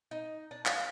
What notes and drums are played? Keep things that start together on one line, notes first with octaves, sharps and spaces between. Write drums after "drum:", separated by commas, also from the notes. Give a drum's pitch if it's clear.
D#4
D4
F5, drum: clap